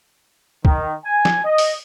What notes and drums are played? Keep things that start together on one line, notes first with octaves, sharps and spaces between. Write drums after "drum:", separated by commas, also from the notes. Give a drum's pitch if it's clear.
D#3, drum: kick
G#5
drum: snare
D#5
drum: open hi-hat